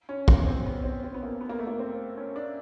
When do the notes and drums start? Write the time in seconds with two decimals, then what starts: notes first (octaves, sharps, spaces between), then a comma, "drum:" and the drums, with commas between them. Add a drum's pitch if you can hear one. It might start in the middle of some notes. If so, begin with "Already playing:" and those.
0.09 C#4
0.28 B3, drum: kick
0.46 C4
0.66 B3
0.84 C4
1.04 C4
1.14 B3
1.23 A#3
1.41 B3
1.49 A#3
1.59 A3
1.67 A#3
1.79 C4
2.17 C#4
2.36 D4